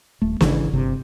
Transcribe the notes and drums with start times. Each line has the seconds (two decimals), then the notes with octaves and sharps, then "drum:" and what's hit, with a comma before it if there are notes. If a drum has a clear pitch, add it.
0.22 D#1 A3
0.41 G#1 C#3 E3, drum: snare
0.73 G1 C3